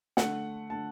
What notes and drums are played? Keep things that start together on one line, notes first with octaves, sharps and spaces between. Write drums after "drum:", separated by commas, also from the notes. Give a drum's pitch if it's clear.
D3 A3 F#5, drum: snare
D3 A3 A5